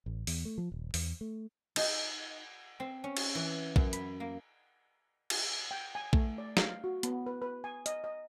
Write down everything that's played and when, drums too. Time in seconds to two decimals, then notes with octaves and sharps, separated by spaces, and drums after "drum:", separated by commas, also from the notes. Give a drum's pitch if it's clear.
0.06 A1
0.27 E2, drum: open hi-hat
0.45 A3
0.58 F3
0.72 D#1
0.94 E2, drum: open hi-hat
1.21 A3
1.76 D#4, drum: cymbal
2.80 C4
3.04 C#4
3.17 drum: cymbal
3.35 E3
3.76 F#2, drum: kick A#1
3.93 B5, drum: hi-hat
4.20 A#3
5.30 drum: cymbal
5.71 G5
5.95 G#5
6.13 A3, drum: kick A#1
6.38 D5
6.57 F5, drum: snare
6.84 F#4
7.03 B3, drum: hi-hat
7.26 B4
7.42 B4
7.64 G#5
7.86 D#5, drum: hi-hat
8.04 D#5